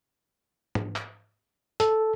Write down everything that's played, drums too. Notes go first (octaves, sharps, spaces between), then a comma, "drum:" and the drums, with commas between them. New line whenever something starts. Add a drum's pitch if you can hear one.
drum: tom G#2
drum: clap
A4, drum: hi-hat